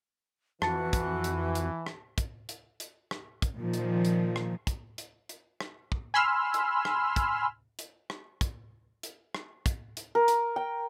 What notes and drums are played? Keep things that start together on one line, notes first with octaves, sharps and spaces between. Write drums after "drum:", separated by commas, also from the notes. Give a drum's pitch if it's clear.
F2 E3 F#4 A5 A6 C#7, drum: rim click
drum: kick, hi-hat
drum: hi-hat
drum: hi-hat
drum: rim click
drum: kick, hi-hat
drum: hi-hat
drum: hi-hat
drum: rim click
drum: kick, hi-hat
A#2 D#3 F3
drum: hi-hat
drum: hi-hat
drum: rim click
drum: kick, hi-hat
drum: hi-hat
drum: hi-hat
drum: rim click
drum: kick
G#5 B5 C6 E6 F6
drum: hi-hat
drum: rim click
drum: kick, hi-hat
drum: hi-hat
drum: rim click
drum: kick, hi-hat
drum: hi-hat
drum: rim click
drum: kick, hi-hat
drum: hi-hat
A#4
drum: hi-hat
G5